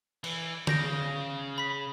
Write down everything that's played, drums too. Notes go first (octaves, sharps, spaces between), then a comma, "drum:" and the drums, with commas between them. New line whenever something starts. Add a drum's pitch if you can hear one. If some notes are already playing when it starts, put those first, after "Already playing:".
E3, drum: cymbal
C#3 G6 A#6 D7, drum: tom
B5 B6